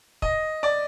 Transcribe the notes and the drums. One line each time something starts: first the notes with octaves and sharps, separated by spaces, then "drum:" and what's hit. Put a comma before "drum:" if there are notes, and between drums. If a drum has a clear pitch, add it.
D#5, drum: kick
D5